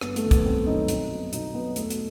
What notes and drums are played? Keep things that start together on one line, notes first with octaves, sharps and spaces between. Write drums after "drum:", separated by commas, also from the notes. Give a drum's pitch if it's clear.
G1 B3, drum: rim click
A3, drum: hi-hat
F#2 D#3
B3, drum: kick, hi-hat
G1 C4
F#2 D#3 D#4
B1, drum: hi-hat
B2 F#3
B1 D#4, drum: hi-hat
B2 F#3 B3
E2 A3, drum: hi-hat
drum: hi-hat